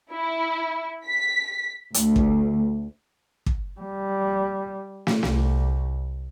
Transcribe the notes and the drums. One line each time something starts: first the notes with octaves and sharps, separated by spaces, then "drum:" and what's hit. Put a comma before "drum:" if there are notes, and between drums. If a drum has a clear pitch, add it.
E4
B6
D2, drum: hi-hat
drum: kick
drum: kick
G3
drum: snare
C2, drum: snare